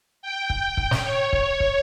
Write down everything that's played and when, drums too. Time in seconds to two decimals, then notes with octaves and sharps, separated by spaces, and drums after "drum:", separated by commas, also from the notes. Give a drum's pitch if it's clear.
0.22 G5
0.50 drum: kick
0.77 drum: kick
0.91 drum: snare
1.04 C#5
1.33 drum: kick
1.60 drum: kick